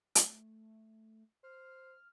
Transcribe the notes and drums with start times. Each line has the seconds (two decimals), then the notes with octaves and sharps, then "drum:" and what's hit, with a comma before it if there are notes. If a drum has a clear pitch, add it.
0.15 A3, drum: hi-hat
1.43 C5 F6